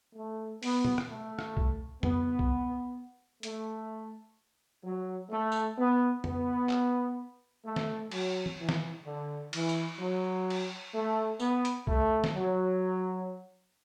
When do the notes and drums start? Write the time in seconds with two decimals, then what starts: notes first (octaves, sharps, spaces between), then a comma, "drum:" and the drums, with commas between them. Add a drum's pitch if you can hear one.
0.15 A3
0.63 B3, drum: open hi-hat
0.85 drum: tom
0.98 drum: rim click
1.09 A3
1.39 drum: rim click
1.57 drum: kick B1
2.03 B3, drum: tom F2
2.39 drum: kick B1
3.43 A3, drum: hi-hat
4.84 F#3
5.30 A3
5.52 drum: tambourine
5.78 B3
6.24 B3, drum: tom F2
6.69 drum: clap
7.65 A3
7.76 drum: snare
8.11 F#3, drum: cymbal
8.46 drum: tom
8.59 E3
8.69 drum: snare
9.05 D3
9.53 E3, drum: cymbal
9.69 drum: tambourine
9.99 F#3
10.50 drum: cymbal
10.93 A3
11.40 B3, drum: tambourine
11.65 drum: hi-hat
11.87 A3, drum: kick B1
12.24 drum: snare
12.33 F#3